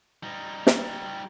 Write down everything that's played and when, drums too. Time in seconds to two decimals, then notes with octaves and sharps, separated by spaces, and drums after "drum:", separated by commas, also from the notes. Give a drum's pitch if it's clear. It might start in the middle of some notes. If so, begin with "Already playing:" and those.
0.23 G3 D#4
0.67 drum: snare